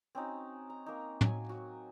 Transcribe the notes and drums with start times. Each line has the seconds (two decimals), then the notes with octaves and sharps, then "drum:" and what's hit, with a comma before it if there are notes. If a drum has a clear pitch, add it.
0.15 C4 C#4 D#4 F#4
0.70 A#5
0.86 A#3 D#4
1.21 F#3 G#5, drum: tom
1.49 F#4